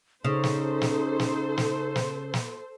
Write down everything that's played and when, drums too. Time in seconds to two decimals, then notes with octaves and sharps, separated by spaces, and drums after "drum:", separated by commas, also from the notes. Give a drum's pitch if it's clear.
0.25 C#3 D#4 A4 C5
0.44 drum: snare
0.82 drum: snare
1.20 drum: snare
1.58 drum: snare
1.96 drum: snare
2.34 drum: snare